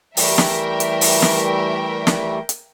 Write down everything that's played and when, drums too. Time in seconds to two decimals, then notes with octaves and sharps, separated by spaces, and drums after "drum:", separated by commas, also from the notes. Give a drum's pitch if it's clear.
0.17 E3 G3 A3 A#4 E5 G5, drum: open hi-hat
0.38 drum: snare
0.80 drum: hi-hat
1.01 drum: open hi-hat
1.22 drum: snare
2.07 drum: snare
2.49 drum: hi-hat